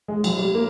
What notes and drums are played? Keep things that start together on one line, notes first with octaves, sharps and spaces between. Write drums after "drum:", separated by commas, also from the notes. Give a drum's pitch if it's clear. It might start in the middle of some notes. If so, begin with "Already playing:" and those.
G#3
F#3, drum: cymbal
G3
A#3